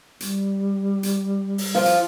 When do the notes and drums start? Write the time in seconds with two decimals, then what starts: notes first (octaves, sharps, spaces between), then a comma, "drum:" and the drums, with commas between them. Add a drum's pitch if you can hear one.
0.20 G3, drum: hi-hat
1.03 drum: hi-hat
1.58 drum: open hi-hat
1.75 F3 F4
1.86 drum: hi-hat